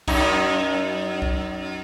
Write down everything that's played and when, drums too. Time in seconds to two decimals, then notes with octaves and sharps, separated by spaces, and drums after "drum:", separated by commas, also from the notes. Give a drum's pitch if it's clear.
0.08 F#2 D#4, drum: kick
1.22 drum: kick